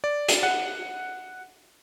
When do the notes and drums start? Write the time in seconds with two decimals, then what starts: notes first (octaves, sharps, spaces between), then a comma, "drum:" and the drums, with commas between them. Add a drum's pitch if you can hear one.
0.04 D5
0.28 drum: hi-hat
0.43 F#5